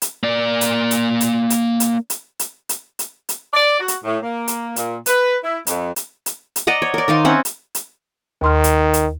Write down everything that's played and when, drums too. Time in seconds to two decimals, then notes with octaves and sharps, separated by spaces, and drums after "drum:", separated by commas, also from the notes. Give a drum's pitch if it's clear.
0.02 drum: hi-hat
0.23 A#3 D5
0.61 drum: hi-hat
0.91 drum: hi-hat
1.21 drum: hi-hat
1.50 drum: hi-hat
1.80 drum: hi-hat
2.10 drum: hi-hat
2.39 drum: hi-hat
2.69 drum: hi-hat
2.99 drum: hi-hat
3.29 drum: hi-hat
3.52 D5
3.78 F#4
3.88 drum: hi-hat
4.03 A2
4.22 A#3
4.48 drum: hi-hat
4.76 A#2, drum: hi-hat
5.06 B4, drum: hi-hat
5.42 E4
5.67 F2, drum: hi-hat
5.96 drum: hi-hat
6.26 drum: hi-hat
6.56 drum: hi-hat
6.67 D5 D#5 F#5 A#5
6.82 C#5
6.94 A#4 D5
7.08 D#3 D#4 F5 C6
7.25 C4 C#4 E5 F#5
7.45 drum: hi-hat
7.75 drum: hi-hat
8.42 D#2 D#3 C6 F6
8.64 drum: hi-hat
8.94 drum: hi-hat